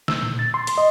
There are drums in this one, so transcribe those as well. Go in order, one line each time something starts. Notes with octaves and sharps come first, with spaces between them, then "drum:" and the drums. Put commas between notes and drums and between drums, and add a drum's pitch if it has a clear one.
E6, drum: snare
A#2
A6
C6
drum: hi-hat
D#5